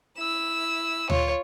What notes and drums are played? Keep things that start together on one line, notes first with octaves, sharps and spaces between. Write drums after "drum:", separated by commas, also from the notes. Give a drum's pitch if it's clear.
E4 E6
F4 C#5, drum: tom D2